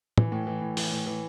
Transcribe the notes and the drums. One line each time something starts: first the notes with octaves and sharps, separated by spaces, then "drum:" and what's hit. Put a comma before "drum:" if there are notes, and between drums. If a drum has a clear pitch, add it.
E3, drum: tom
A2
E3
A2
E3, drum: open hi-hat
A2
E3